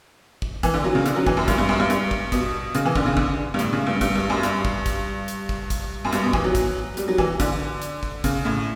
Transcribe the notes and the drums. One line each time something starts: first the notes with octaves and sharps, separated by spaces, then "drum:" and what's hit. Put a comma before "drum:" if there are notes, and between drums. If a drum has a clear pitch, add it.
drum: kick
E3, drum: kick, hi-hat
D3
F#3
C#3
D3, drum: hi-hat
F#3
E3, drum: kick
F#2
G2, drum: kick, hi-hat
G2
F#2
G2
G2, drum: hi-hat
drum: kick
B2, drum: kick, hi-hat
C#3, drum: hi-hat
E3
D3, drum: kick
C#3
D3, drum: kick
G2
A2, drum: hi-hat
C#3
G2
G2, drum: kick, hi-hat
G2
F#2
G2, drum: hi-hat
drum: kick
drum: kick, hi-hat
drum: hi-hat
drum: kick
drum: kick, hi-hat
F#2
G2, drum: hi-hat
B2
E3, drum: kick
F#3
drum: kick, hi-hat
G3, drum: hi-hat
F#3
E3, drum: kick
D3, drum: kick, hi-hat
drum: hi-hat
drum: kick
C#3, drum: kick, hi-hat
A2